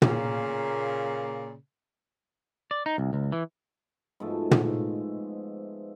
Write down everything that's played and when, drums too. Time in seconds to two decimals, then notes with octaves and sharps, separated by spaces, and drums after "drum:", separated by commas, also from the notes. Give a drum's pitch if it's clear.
0.02 A#2 C#3 A#3, drum: tom
2.71 D5
2.86 D#4
2.98 C2
3.13 C#2
3.32 E3
4.20 G#2 B2 F3 A3
4.51 drum: tom